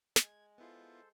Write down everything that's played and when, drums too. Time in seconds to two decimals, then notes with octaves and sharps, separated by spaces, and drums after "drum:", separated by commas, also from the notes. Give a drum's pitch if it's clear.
0.16 G#3 G#6, drum: snare
0.58 B3 E4 F4 A4 C5